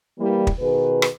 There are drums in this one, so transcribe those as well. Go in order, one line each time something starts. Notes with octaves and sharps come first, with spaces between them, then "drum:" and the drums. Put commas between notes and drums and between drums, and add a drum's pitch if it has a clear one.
E3 G3 A#3
drum: kick
B2 D#3 G#4 B4
drum: rim click